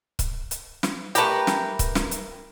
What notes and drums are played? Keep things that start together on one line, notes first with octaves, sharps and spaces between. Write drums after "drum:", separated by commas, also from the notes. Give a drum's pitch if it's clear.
drum: kick, hi-hat
drum: hi-hat
drum: snare
A3 G4 A#4 B4, drum: hi-hat
drum: snare
drum: kick, hi-hat
drum: snare
drum: hi-hat